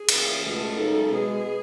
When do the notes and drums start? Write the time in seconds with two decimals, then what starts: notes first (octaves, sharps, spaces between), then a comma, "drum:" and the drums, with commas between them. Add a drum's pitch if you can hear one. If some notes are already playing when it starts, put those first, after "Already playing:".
Already playing: G#4
0.09 F#1 E2 C#3, drum: cymbal
0.42 C#2 B2 A3 G#4
0.76 G#1 F#2 C#3 G#3 D#4 A4
1.09 B2 G#3 B3 G#4